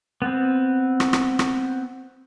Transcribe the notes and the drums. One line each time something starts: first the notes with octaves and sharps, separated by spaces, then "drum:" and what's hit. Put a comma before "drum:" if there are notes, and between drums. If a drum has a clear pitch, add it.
B3 C4
drum: rim click
drum: rim click
drum: rim click